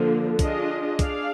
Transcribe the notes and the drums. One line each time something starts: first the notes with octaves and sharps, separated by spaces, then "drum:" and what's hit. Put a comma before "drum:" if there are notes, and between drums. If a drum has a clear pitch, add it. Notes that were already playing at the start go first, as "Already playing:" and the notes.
Already playing: D3 F3 A#3
D4 F4 G#4 D#5, drum: kick, hi-hat
D4 G#4 D5 F5, drum: kick, hi-hat